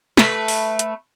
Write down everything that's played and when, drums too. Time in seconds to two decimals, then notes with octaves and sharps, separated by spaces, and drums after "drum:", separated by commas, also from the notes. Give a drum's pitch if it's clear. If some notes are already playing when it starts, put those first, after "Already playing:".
0.17 A3 B4, drum: snare
0.48 drum: open hi-hat
0.79 drum: hi-hat